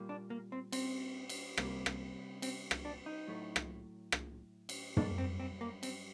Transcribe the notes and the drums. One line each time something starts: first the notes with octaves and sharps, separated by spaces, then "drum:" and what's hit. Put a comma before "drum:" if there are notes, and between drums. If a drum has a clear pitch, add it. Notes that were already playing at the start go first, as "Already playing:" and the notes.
Already playing: A#2 G3 A#3
D4
A#3
C4
C4, drum: cymbal
drum: cymbal
C3 G3 A#3, drum: rim click
drum: rim click
C4, drum: cymbal
drum: rim click
D4
D#4
A2 F#3 A3
drum: rim click
drum: rim click
drum: cymbal
G2 F#3 A#3 D4, drum: tom
C4
C4
A#3
C4, drum: cymbal